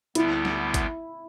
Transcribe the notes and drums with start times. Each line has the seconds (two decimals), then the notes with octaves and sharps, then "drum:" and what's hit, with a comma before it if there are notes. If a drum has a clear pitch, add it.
0.15 D2 D3 G3 B3 E4, drum: hi-hat
0.45 drum: snare
0.74 drum: kick G#1, hi-hat